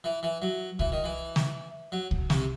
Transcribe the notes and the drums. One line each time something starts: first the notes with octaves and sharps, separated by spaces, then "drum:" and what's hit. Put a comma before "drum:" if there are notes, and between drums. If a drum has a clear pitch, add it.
E3
E3
F#3
E3, drum: kick C2
D#3
E3
drum: snare
F#3
drum: kick C2
C3, drum: snare